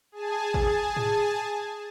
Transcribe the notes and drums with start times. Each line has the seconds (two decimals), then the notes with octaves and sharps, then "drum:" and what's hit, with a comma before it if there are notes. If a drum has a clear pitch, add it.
0.12 G#4 G#5 A5
0.54 drum: kick G#1
0.97 drum: tom G#2